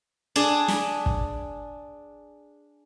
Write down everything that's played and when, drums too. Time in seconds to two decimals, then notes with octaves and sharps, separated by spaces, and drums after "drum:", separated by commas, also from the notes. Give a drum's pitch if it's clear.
0.36 D4 G#4
0.68 drum: snare
1.06 drum: kick